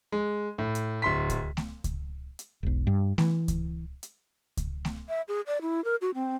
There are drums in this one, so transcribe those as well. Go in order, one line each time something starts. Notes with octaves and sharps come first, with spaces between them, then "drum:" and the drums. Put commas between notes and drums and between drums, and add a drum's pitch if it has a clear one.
G#3
A2
drum: hi-hat
D1 C6 B6
drum: kick C#2, hi-hat
drum: snare A3
drum: kick C#2, hi-hat
drum: hi-hat
E1 B1
G2
E3, drum: snare A3
drum: kick C#2, hi-hat
drum: hi-hat
drum: kick C#2, hi-hat
drum: snare A3
E5
G#4
D5
E4
A#4
F#4
C4